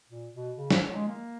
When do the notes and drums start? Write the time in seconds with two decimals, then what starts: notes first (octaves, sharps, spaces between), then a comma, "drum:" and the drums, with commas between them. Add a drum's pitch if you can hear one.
0.09 A#2
0.33 B2
0.58 C#3
0.71 F3, drum: snare
0.83 F#3
0.95 G#3
1.08 A#3